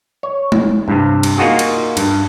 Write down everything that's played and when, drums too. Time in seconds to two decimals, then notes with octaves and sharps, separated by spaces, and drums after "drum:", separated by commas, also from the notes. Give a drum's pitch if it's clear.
0.23 C#5
0.52 drum: tom G#3
0.88 G2 C3
1.23 drum: cymbal
1.38 A#3 D#4 F4 F#4 G#4
1.59 drum: cymbal
1.97 G2, drum: cymbal